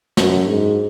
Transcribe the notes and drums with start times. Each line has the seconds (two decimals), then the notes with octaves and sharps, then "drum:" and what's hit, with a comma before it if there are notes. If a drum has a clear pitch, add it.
0.17 F#2, drum: snare
0.48 G#2